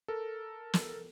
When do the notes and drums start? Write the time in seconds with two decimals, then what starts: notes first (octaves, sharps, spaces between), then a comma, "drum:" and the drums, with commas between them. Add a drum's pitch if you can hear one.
0.08 A4 A#4
0.74 drum: snare